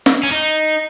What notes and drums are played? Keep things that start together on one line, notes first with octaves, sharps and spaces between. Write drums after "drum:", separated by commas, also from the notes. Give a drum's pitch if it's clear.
drum: snare
C#4
D#4